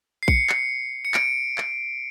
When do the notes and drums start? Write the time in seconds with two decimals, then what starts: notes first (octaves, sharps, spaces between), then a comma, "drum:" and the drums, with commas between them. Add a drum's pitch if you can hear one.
0.23 C7
0.28 C#7, drum: kick A#1
0.49 drum: clap
1.05 C#7
1.14 D7, drum: clap
1.58 drum: clap